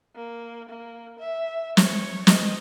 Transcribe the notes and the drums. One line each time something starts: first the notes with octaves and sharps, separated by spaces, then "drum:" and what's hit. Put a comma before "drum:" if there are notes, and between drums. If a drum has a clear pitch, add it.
A#3
A#3
E5
C#5, drum: snare
D#5, drum: snare